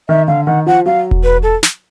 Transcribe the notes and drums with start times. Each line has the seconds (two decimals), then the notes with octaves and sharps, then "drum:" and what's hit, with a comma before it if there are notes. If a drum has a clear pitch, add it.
0.09 D#3 E5
0.27 D3 F5
0.46 D#3 F#5
0.67 F3 F#5
0.86 F#3 F5
1.11 drum: kick E1
1.24 B4
1.43 A4
1.63 drum: snare